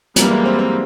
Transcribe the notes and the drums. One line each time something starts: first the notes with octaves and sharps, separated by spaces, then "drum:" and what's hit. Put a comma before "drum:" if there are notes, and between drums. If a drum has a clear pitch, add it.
E3 F#3 G3 A#3, drum: hi-hat
G#3
C4
C4